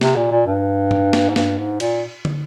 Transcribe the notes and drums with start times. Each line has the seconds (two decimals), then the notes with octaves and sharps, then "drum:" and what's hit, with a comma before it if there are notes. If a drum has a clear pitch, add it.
0.01 C3, drum: snare
0.16 A#2
0.31 A#2
0.46 G2
0.91 drum: tom G2
1.13 drum: snare
1.29 G#2
1.36 G2, drum: snare
1.58 G#2
1.80 A#2, drum: cymbal
2.25 drum: tom